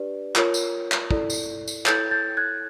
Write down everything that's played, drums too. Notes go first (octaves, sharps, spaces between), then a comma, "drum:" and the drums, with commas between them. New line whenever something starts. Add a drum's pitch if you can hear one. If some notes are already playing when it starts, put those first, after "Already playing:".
Already playing: D4 G4 B4 D5
F4 A#4 C#5, drum: clap
drum: tambourine
drum: clap
E4 A4 D5, drum: kick
drum: tambourine
drum: tambourine
E4 A4 C#5 G6 A6, drum: clap
G6 A6
F#6 G#6